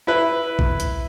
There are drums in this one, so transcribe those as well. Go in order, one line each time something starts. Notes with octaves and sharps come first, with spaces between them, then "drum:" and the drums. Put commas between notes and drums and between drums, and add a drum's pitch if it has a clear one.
E4 B4
drum: kick A#1
drum: hi-hat